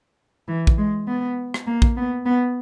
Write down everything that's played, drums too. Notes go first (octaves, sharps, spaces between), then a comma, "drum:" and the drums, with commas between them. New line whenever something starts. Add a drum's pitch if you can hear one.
E3
drum: kick
G#3
B3
drum: rim click
A#3
drum: kick
B3
B3